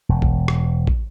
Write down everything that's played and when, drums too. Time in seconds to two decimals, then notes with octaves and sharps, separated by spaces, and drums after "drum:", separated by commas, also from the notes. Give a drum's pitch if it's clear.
0.09 E1
0.22 drum: kick
0.48 drum: rim click
0.87 drum: kick